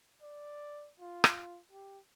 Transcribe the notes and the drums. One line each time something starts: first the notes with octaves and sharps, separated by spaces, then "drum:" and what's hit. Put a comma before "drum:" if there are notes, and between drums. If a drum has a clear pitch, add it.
D5
F4
drum: rim click
G4